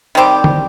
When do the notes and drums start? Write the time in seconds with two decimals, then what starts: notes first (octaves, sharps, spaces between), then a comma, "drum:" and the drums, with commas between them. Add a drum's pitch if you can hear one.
0.15 D#3 G3 C4 G4
0.44 drum: tom D3